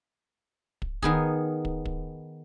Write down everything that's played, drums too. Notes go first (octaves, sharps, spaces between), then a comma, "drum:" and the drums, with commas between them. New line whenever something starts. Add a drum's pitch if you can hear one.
drum: kick
D#3 B3 G#4, drum: kick
drum: kick
drum: kick